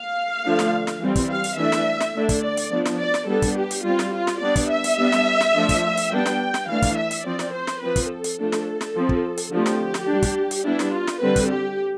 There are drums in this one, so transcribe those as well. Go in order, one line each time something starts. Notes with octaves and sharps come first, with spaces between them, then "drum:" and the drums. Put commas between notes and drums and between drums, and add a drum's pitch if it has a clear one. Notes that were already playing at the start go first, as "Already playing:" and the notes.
Already playing: F5
D3 F3 A3 D4
drum: snare
drum: snare
E3 G3 C4
drum: kick, hi-hat
F5
drum: hi-hat
E3 A3 D4 E5
drum: snare
drum: snare
D3 A3 D4
drum: kick, hi-hat
D5
drum: hi-hat
F3 B3 D4
drum: snare
D5
drum: snare
G3 B3 D4 A4
drum: kick, hi-hat
G4
drum: hi-hat
G3 C4 F4
drum: snare
F4
drum: snare
G3 B3 D4 D5
drum: kick, hi-hat
E5
drum: hi-hat
G3 B3 D4
drum: snare
drum: snare
F3 A3 D4
drum: kick, hi-hat
drum: hi-hat
G3 B3 D4 G5
drum: snare
drum: snare
E3 A3 D4 F5
drum: kick, hi-hat
E5
drum: hi-hat
F3 C4 D5
drum: snare
C5
drum: snare
F3 C4 B4
drum: kick, hi-hat
A4
drum: hi-hat
F3 A3 D4
drum: snare
drum: snare
F3 C4
drum: kick
drum: hi-hat
D3 F3 A3 C4 G4
drum: snare
drum: snare
G3 D4
drum: kick, hi-hat
drum: hi-hat
G3 B3 D4 E4
drum: snare
F4
drum: snare
D3 G3 C4 B4
drum: kick, hi-hat
G4